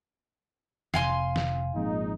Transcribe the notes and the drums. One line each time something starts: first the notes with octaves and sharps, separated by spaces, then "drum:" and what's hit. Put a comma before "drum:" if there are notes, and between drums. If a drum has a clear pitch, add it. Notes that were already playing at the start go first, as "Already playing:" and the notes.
F1 C3 F5 G#5 C6, drum: snare
drum: snare
G#1 A#2 F3 G#3 C4 D#4